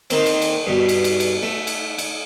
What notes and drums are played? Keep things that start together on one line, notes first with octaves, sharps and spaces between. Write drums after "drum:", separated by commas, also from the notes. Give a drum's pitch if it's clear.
D#3 A#3 C4, drum: cymbal
drum: cymbal
drum: cymbal
G2 B2
drum: cymbal
drum: cymbal
drum: cymbal
A3
drum: cymbal
drum: cymbal